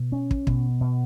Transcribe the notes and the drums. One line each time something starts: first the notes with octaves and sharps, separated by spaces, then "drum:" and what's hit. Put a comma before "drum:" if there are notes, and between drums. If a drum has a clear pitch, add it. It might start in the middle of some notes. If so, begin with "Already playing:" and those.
Already playing: B2
C#4
drum: kick
B2, drum: kick
B2